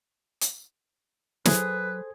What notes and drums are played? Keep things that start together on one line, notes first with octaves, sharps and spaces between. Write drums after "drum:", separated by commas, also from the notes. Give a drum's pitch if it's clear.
drum: hi-hat
F#3 G#4 A4 B4 C5, drum: snare